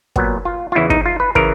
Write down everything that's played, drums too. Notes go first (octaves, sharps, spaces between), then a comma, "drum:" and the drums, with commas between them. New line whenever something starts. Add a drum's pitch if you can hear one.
A#2 F#3 B3, drum: kick
F4
F4
E2 C#3 E3 E4
D#4, drum: kick
F4
B4
C#3 E3 A#4, drum: kick